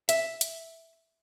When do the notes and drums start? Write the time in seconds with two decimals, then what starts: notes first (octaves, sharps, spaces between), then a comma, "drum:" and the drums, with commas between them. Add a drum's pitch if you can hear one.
0.09 E5, drum: hi-hat
0.41 drum: hi-hat